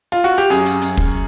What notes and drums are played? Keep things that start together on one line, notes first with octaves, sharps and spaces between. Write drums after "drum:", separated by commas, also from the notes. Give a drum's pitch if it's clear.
F4
F#4
G4
F#2 G#4, drum: hi-hat
drum: hi-hat
F#2, drum: hi-hat
drum: kick